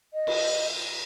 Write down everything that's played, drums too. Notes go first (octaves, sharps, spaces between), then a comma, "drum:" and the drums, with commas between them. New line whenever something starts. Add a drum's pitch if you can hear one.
D#5
drum: cymbal